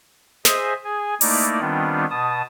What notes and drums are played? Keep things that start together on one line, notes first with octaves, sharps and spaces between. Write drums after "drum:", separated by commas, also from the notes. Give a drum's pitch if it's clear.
G#4 C5 D#5 E5 G#5, drum: snare
G#4 G#5
A3 A#3 D#4 E4 D5, drum: open hi-hat
D#3 G3 B3 C4 D4 F4
B2 A5 D#6